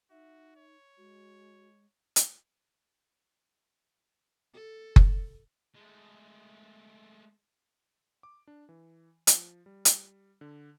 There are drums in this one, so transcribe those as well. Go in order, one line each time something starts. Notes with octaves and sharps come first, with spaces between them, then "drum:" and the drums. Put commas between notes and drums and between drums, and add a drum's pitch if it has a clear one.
D#4 F#4 E5
C#5
G#3 F#4
drum: hi-hat
A4
drum: kick F#1
G#3 A3
D6
D4
E3
F3, drum: hi-hat
G3
drum: hi-hat
D3